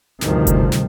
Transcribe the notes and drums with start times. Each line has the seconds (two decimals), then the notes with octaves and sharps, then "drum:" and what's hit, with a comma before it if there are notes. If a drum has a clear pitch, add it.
0.21 D2 G2 C3 D#3 F3, drum: snare
0.47 drum: kick F#1, hi-hat
0.72 drum: snare